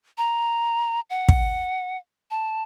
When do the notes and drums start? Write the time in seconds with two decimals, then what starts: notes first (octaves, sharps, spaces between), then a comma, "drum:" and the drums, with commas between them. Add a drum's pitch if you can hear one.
0.18 A#5
1.10 F#5
1.29 drum: kick
2.31 A5